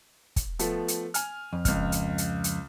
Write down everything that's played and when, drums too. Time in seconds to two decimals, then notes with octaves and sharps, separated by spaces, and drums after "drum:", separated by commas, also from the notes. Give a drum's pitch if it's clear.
0.36 drum: kick, hi-hat
0.59 F3 A3 B3, drum: hi-hat
0.88 drum: hi-hat
1.14 G#5 F6, drum: hi-hat
1.53 F2
1.65 C#2 F6, drum: kick, hi-hat
1.92 drum: hi-hat
2.18 drum: hi-hat
2.44 drum: hi-hat